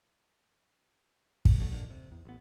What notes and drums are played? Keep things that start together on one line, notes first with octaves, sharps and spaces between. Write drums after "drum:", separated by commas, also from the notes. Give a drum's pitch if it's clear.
C#2, drum: kick
G#1 D2 F#3 A3
G1 A#2 D3 D#3
C3
E2
A1 B3